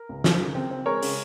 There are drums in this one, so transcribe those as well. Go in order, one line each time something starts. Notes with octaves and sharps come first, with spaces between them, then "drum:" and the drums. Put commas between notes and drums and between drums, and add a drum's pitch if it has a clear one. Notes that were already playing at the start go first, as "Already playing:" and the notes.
Already playing: A#4
C#2
D#3, drum: snare
C#3
C4
C4
G#3 A#4 C#5
C#3, drum: open hi-hat